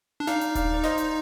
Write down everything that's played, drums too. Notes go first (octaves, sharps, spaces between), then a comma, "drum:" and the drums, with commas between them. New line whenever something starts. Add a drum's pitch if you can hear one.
D4
D#4 D5 F5, drum: snare
drum: hi-hat
D5 F5, drum: kick D#1, hi-hat
D5
C5 D#5, drum: snare
drum: hi-hat